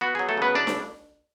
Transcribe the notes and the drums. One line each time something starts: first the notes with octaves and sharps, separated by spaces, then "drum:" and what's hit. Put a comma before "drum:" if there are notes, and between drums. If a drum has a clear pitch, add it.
B3 F#4
F#3 G#4
A3 A4
C#3 B3 B4
D4 E4 D5
drum: snare D4